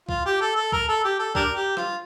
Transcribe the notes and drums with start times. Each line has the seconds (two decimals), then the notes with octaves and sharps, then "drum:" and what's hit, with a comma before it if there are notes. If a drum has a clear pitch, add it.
0.09 F4, drum: kick C2
0.25 G4
0.41 A4
0.56 A4
0.72 A#4, drum: kick C2
0.88 A4
1.04 G4
1.19 A4
1.35 D4 G4 A#4, drum: kick C2
1.56 G4
1.77 F4, drum: rim click